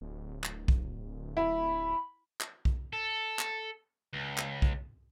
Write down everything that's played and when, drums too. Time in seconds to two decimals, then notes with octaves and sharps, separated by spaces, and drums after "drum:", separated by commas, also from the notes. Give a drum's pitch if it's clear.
0.01 D1
0.44 drum: clap
0.68 drum: kick B1
1.37 E4 B5
2.41 drum: clap
2.65 drum: kick B1
2.93 A4
3.39 drum: clap
4.13 C#2
4.38 drum: clap
4.62 drum: kick B1